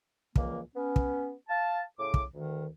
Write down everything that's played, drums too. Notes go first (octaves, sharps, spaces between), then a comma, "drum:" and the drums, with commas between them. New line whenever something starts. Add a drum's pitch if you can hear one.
C#2 A#2 E3 F3 A#3, drum: kick
B3 C#4
drum: kick
F5 A5
A2 C#3 D6
drum: kick
D2 D#3